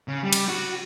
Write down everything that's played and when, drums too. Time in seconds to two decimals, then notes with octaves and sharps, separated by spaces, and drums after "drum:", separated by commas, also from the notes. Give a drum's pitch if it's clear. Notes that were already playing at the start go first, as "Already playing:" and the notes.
0.08 C#3
0.23 G3
0.33 drum: cymbal
0.48 F#4